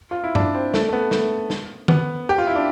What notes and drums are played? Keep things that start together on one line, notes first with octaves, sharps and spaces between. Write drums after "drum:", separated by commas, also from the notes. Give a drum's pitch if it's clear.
F4
E4
D4, drum: tom G2
C4
A3, drum: snare
A3
B3
A3, drum: snare
drum: snare
B3, drum: tom D#3
G4
F4
E4
D4